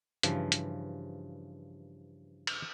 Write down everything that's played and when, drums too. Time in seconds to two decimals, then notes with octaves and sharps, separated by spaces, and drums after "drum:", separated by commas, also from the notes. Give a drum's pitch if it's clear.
0.23 G2 C#3 E3 F3, drum: hi-hat
0.52 drum: hi-hat
2.47 drum: cymbal